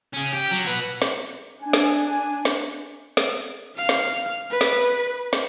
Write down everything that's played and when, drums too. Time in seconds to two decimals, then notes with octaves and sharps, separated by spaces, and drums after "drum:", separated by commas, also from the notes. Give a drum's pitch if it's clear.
0.14 C#4 G#4
0.33 G4
0.52 F#3
0.66 F#4 B4
1.02 drum: snare
1.62 D4 G#5
1.73 drum: snare
2.45 drum: snare
3.17 drum: snare
3.76 F5 F6
3.89 drum: snare
4.51 B4
4.61 drum: snare
5.33 drum: snare